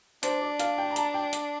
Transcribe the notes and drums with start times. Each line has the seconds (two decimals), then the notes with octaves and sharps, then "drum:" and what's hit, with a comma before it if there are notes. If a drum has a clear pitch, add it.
0.23 D4 C5, drum: hi-hat
0.41 D5
0.59 F5, drum: hi-hat
0.78 G5
0.91 A#5
0.96 A5, drum: hi-hat
1.14 G5
1.33 drum: hi-hat